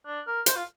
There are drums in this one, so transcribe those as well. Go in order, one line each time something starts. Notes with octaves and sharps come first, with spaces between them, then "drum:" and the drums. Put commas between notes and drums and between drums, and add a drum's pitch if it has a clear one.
D4
A#4
C5, drum: hi-hat
F4